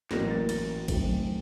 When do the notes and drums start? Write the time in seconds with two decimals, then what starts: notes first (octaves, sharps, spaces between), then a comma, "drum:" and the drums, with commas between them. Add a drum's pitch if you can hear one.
0.11 A1 A2 F#3 A#3 A#6, drum: snare
0.30 A6
0.49 A6, drum: cymbal
0.88 F#2 D#3 F#3 A3 C4, drum: kick A1, cymbal